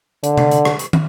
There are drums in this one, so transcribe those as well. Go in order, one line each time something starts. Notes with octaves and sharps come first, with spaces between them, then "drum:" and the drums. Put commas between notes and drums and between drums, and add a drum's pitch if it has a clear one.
D3, drum: hi-hat
drum: tom C3
drum: hi-hat
drum: rim click
drum: hi-hat
drum: tom